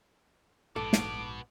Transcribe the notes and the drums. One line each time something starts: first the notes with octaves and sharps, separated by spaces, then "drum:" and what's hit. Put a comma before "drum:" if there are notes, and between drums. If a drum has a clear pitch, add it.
A#1 G#2 B2 B3 A4 D6
drum: snare